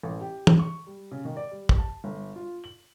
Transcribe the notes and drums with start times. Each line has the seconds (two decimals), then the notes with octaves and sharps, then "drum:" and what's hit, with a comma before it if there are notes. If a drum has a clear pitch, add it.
0.03 A1
0.21 G4
0.47 drum: tom
0.59 C#6
0.87 G3
1.11 C#3
1.25 D#3
1.37 D5
1.51 G3
1.69 drum: kick
1.78 A5
2.04 G1
2.36 F4
2.64 F#7